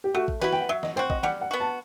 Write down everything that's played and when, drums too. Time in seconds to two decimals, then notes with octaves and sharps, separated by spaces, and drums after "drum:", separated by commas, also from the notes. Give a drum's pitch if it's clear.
0.04 G4
0.15 A3 F#4
0.28 drum: kick
0.41 E4 F#4 B4, drum: snare
0.53 G5, drum: snare
0.61 F#5
0.69 F#3 E5
0.83 D#5, drum: snare
0.96 C4 F#4 C5
1.10 D#5, drum: kick
1.23 G3 F#5, drum: snare
1.41 F#5
1.51 B3 F#4
1.60 A5